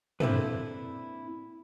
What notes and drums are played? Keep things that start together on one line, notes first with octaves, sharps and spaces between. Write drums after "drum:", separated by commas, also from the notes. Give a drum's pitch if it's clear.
A#3 C4 D4 E4 A4 B4, drum: tom